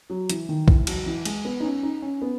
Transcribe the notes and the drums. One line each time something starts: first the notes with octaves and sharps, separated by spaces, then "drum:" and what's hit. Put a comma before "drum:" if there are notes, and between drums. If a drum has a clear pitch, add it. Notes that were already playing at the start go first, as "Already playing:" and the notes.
F#3
E3, drum: hi-hat
D#3
E3, drum: kick
F#3, drum: cymbal
E3
G#3, drum: cymbal
B3
D#4
C#4
D#4
C#4
B3